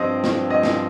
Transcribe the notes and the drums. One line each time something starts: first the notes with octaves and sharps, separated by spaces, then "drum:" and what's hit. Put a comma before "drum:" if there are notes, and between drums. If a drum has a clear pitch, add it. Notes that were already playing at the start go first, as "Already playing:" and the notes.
Already playing: G2 F3 C4 D#5
drum: snare
D#5
drum: snare